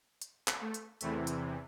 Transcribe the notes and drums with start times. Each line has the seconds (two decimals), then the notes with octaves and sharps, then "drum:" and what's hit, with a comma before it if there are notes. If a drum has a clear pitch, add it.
0.21 drum: hi-hat
0.48 drum: clap
0.61 A3
0.74 drum: hi-hat
1.01 E2 C3 E3 A3, drum: hi-hat
1.27 drum: hi-hat